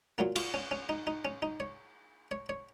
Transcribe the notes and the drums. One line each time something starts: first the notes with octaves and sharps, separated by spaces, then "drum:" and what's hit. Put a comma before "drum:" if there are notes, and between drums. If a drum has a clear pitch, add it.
A#2 F#3 A#3 F4
F4, drum: cymbal
C#4
C#4
D#4
D#4
C#4
D#4
C#5
C#5
C#5